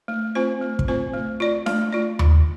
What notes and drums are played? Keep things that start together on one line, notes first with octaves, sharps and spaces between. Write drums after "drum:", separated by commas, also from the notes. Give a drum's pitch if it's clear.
A3
C4 F4 C5
A3
drum: kick
C4 F4 C5
A3
F4 D5
A3, drum: snare D4
F4 D5
drum: tom D#2